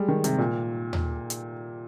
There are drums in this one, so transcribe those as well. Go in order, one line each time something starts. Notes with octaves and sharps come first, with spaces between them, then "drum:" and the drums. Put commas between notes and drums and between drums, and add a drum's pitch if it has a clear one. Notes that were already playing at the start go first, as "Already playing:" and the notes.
Already playing: G3 G#3
D#3
C3, drum: hi-hat
A#2
drum: tom D#2
drum: hi-hat